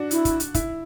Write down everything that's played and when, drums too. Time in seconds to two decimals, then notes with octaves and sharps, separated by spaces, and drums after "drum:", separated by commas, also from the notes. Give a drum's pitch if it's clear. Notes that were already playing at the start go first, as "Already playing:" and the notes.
Already playing: D4 F#4
0.11 E4, drum: hi-hat
0.25 drum: kick, hi-hat
0.40 drum: hi-hat
0.54 E4, drum: kick, hi-hat